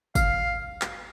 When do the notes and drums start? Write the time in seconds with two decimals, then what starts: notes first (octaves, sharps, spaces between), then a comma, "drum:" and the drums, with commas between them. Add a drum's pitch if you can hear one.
0.15 F5, drum: kick, tambourine
0.81 drum: clap